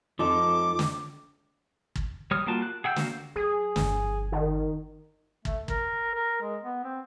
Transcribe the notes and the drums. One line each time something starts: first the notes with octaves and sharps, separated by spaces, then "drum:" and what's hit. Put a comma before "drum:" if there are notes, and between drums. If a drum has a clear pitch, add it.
F2 F3 D#4 A4 D6
drum: snare
drum: kick
G3 C#5 D#6 F6
G3 A#3 F4 F#4 A5
F#6
G#4 F#5 G5 E6 G6
A#3 F#4 F5, drum: snare
F#3 G#4
G1 F2, drum: snare
D#3
A3, drum: kick
A#4, drum: kick
A#4
G#3
B3
C4